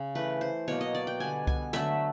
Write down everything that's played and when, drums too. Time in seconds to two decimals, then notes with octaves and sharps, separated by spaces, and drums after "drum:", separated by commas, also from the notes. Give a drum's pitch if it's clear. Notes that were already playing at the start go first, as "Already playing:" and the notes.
Already playing: C#3
0.15 E3 A3 B4
0.41 C5
0.68 B2 F#3 A#3 C#5
0.81 D#5
0.95 D5
1.07 G5
1.20 D3 G3 B3 G#5
1.47 G#5, drum: kick C2
1.73 D3 F#3 A3 E5, drum: snare